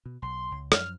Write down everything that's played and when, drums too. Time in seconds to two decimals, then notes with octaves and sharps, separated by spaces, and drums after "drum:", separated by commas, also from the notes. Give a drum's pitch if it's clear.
0.06 B2
0.22 B1 C6
0.51 C#2
0.72 F#2 F3 F6, drum: rim click